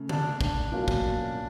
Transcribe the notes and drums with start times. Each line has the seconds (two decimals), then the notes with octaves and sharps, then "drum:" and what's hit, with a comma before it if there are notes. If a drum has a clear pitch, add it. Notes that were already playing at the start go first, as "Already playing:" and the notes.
Already playing: C#3 A3
0.09 D4, drum: tom D3
0.41 D4, drum: kick
0.72 B2 F#3 A#3 C#4 F4
0.88 drum: kick